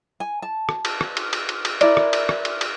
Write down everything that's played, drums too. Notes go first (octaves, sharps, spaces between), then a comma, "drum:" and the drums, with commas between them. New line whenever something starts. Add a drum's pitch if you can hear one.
G#5
A5
drum: rim click
drum: cymbal
drum: rim click
drum: cymbal
drum: cymbal
drum: cymbal
drum: cymbal
E4 A#4 D5, drum: cymbal
drum: rim click
drum: cymbal
drum: rim click
drum: cymbal
drum: cymbal